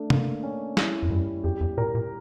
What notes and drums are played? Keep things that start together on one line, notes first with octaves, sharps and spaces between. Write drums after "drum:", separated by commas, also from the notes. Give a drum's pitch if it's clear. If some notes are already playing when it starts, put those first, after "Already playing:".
Already playing: A3 D4
A#3, drum: tom
C#4
E4, drum: snare
F2
F#2 G3
F2 G4
E2
A#2 A#4
A#2